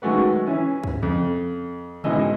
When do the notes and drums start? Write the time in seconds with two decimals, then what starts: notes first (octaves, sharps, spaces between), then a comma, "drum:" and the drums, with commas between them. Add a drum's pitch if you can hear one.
0.02 D#3 F#3 G#3 A3 F#4 B4
0.47 E3 C#4
0.84 drum: kick
1.03 F2, drum: tom C3
2.04 G#1 B2 E3 G#3 D#5 E6, drum: tom C#3